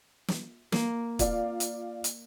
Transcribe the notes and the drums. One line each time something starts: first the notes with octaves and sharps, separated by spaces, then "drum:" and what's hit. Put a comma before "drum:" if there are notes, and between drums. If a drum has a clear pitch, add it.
drum: snare
A#3, drum: snare
F4 D5 F5, drum: kick, hi-hat
drum: hi-hat
drum: hi-hat